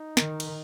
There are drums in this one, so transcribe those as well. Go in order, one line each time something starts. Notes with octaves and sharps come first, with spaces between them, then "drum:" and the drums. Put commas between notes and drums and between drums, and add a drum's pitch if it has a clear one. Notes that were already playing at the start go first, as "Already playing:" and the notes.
Already playing: D#4
D#3, drum: snare
drum: cymbal